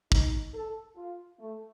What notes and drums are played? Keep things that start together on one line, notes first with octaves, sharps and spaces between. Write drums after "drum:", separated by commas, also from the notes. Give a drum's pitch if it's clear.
D#4, drum: kick
A4
F4
A3